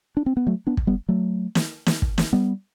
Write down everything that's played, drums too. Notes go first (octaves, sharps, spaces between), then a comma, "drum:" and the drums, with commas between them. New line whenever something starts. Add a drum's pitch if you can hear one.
D4
C4
B3
F#3 A3
B3 D4
drum: kick
G3 B3
F#3 A3
drum: snare
drum: snare
drum: kick
drum: snare
G3 B3